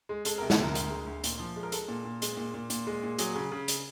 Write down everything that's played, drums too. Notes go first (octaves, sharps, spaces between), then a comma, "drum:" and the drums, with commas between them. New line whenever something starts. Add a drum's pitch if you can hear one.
G#3
G#3 A4, drum: hi-hat
A#4
C3
A4, drum: snare
D2 A#4
D2, drum: hi-hat
G#3
D2
A#2, drum: hi-hat
F3
G#3
A#4
G#3 A4, drum: hi-hat
A#2
A#2
G#3, drum: hi-hat
A#2
A#2
A#2, drum: hi-hat
G#3
A#2
F#3 G#4, drum: hi-hat
C#3
C#3
drum: hi-hat